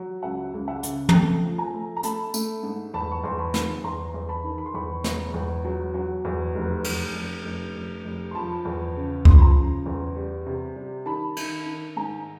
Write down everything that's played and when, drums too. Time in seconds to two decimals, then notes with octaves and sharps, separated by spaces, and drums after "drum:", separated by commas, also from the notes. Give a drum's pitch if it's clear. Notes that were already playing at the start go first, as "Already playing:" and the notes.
Already playing: F#3
0.22 C#2 E5 F#5
0.54 C#2
0.68 E5 F#5
0.83 C#3, drum: hi-hat
1.09 A#5, drum: tom
1.13 A3 G5 A5
1.44 F3
1.58 G#5 A#5
1.73 A3
1.97 A#5
2.03 A3 A5 B5, drum: hi-hat
2.34 A3, drum: tambourine
2.63 G#2
2.94 E2 A5 B5
3.11 C#6
3.24 E2 C6
3.39 A5 B5
3.54 D#3, drum: snare
3.84 E2 A#5 C6
4.14 E2
4.29 A5 B5
4.44 D#3
4.58 B5
4.66 C6
4.74 E2 B5 C#6
5.04 E1, drum: snare
5.34 E2
5.65 F#3
5.94 F#3
6.25 E2
6.55 F1
6.84 F1, drum: cymbal
7.15 F1
7.45 F1
7.75 F1
8.05 F1
8.31 C6
8.35 F3 A5 B5
8.65 E2
8.96 C#3
9.25 F3 C6, drum: kick C#2
9.34 B5
9.42 A#5 C6
9.56 C#3
9.86 E2
10.16 G3
10.46 C3
10.76 G3
11.06 D#3 A5 B5
11.37 D#3, drum: cymbal
11.66 D#3
11.96 G#2 G#5 A#5